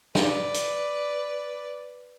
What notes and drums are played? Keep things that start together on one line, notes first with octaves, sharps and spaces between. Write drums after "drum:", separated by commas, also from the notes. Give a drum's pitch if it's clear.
B4 D5, drum: snare
drum: hi-hat